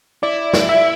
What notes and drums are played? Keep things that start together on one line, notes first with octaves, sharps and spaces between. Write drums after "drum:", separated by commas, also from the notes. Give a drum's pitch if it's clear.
E4 D5
drum: snare
E5